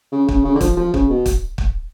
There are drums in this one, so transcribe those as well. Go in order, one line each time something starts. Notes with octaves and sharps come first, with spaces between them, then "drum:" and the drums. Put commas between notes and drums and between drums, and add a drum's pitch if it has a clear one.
C#3
C#3, drum: kick
C#3
D3
F3, drum: kick, hi-hat
F3
C#3, drum: kick
B2
drum: kick, hi-hat
drum: kick